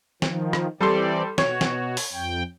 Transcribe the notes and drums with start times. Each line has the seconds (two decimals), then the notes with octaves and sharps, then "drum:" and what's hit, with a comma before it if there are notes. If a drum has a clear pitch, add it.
0.22 D#3 F3, drum: snare
0.53 drum: rim click
0.81 E3 G3 C4 A4 D5 C6
1.38 B2 F#4 C#5, drum: snare
1.61 drum: snare
1.97 drum: open hi-hat
2.13 F2 G5